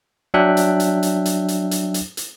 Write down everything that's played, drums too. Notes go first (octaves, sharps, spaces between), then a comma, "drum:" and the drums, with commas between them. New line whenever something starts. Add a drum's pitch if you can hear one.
F#3 D4 E5 G5 F#6
drum: hi-hat
drum: hi-hat
drum: hi-hat
drum: hi-hat
drum: hi-hat
drum: hi-hat
drum: hi-hat
drum: hi-hat